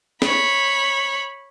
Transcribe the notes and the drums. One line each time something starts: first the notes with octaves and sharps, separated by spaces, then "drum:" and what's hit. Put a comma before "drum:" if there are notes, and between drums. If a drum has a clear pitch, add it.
C#5 B5, drum: snare